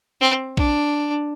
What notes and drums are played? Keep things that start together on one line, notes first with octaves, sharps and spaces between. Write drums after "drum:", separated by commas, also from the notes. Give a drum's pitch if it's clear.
C4
D4, drum: kick A#1